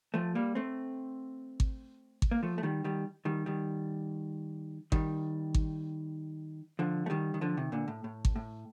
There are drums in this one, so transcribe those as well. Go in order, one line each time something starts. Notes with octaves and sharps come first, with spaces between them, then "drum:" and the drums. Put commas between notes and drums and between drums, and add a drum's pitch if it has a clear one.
F3 A3
G3 A#3
A3 C4
drum: kick G#1
drum: kick G#1
A#3
F3 A3
A3
D#3 G3
D#3 G3
D#3 G3
D#3 G3
D#3 G3, drum: kick G#1
drum: kick G#1
D3 F3
A3
D#3 G3
D#3
D3 F3
C3 D#3
A#2 D3
A2
A2
drum: kick G#1
A2